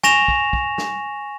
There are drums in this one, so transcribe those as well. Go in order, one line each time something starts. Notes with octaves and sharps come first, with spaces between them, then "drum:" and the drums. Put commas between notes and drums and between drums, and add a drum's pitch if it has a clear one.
G#5 C#6 A#6 E7 F7, drum: snare
drum: kick
drum: kick
drum: snare